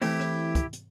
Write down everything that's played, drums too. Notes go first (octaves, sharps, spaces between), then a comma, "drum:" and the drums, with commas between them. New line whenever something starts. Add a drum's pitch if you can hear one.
E3 A3 C4 E4 G4, drum: open hi-hat
drum: rim click
drum: kick, hi-hat
drum: hi-hat